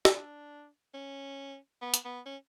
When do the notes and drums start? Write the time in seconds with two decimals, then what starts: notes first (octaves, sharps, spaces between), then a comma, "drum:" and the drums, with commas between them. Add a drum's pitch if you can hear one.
0.05 D4, drum: snare
0.94 C#4
1.82 B3
1.94 drum: hi-hat
2.05 B3
2.26 C#4